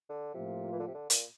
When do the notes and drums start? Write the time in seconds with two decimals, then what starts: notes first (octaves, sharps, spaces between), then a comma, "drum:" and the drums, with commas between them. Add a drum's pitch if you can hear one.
0.09 D3
0.34 A2 C3 F3 A#3 F4
0.72 E3
0.80 D3
0.87 C3
0.94 D3
1.10 A#2, drum: hi-hat